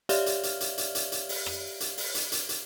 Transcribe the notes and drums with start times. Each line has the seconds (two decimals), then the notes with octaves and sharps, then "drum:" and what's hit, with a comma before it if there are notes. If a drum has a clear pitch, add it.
0.09 G4 C#5 D5 E5 F5 F6, drum: hi-hat
0.26 drum: hi-hat
0.43 drum: hi-hat
0.61 drum: hi-hat
0.78 drum: hi-hat
0.95 drum: hi-hat
1.12 drum: hi-hat
1.29 drum: open hi-hat
1.46 drum: rim click
1.80 drum: hi-hat
1.97 drum: open hi-hat
2.15 drum: hi-hat
2.32 drum: hi-hat
2.49 drum: hi-hat